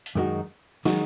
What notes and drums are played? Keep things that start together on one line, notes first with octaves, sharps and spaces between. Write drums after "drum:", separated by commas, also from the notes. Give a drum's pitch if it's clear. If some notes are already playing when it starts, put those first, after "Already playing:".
drum: hi-hat
F#2 D#3 G#3 D#4 F#4
D#3 G#3 D#4 F#4, drum: snare